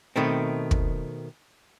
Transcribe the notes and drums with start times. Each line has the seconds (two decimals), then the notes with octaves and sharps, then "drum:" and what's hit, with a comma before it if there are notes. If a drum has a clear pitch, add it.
0.16 B2 D#3 A3 C4
0.71 drum: kick